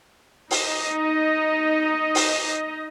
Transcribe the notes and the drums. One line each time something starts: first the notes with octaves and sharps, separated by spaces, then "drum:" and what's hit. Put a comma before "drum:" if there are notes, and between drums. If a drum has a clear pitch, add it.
D#4 D#5, drum: open hi-hat
drum: open hi-hat